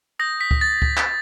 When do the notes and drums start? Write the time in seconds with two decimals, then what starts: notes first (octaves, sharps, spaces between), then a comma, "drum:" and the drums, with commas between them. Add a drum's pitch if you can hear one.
0.19 D#6 G6 A#6
0.41 B6
0.51 drum: kick C#2
0.61 A6
0.82 drum: kick C#2
0.97 drum: clap